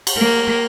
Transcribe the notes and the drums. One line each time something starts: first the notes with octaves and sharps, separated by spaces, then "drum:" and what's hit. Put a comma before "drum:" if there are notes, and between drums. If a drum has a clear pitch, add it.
drum: cymbal
A#3